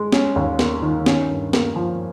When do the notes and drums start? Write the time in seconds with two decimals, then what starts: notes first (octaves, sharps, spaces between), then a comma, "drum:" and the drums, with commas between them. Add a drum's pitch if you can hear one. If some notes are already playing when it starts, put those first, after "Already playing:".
Already playing: G#3
0.12 C#4, drum: snare
0.36 D#2
0.59 A#3, drum: snare
0.82 D#3
1.06 C#4, drum: snare
1.29 G2
1.53 A#3, drum: snare
1.76 F3